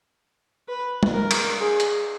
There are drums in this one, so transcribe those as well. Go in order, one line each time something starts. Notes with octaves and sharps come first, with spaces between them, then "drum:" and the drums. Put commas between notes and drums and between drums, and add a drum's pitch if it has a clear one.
B4
drum: tom
A#4
drum: cymbal
G#4
drum: hi-hat